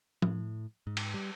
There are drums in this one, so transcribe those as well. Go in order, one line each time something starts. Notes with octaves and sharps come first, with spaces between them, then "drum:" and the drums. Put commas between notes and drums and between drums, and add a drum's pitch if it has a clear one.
A2, drum: tom
G#2
drum: cymbal
G3